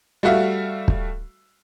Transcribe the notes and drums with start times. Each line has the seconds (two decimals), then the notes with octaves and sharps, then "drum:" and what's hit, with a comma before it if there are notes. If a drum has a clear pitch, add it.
0.23 G3 A3 F#4 E5 F5
0.88 drum: kick